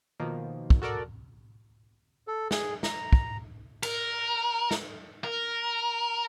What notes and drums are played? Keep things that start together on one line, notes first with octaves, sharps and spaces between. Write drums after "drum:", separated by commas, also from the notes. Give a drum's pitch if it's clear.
B2 D#3 F3 A#3
drum: kick
F#4 A4 A#4 D5
A4
G#4, drum: snare
A#5, drum: snare
drum: kick
A#4, drum: cymbal
drum: snare
A#4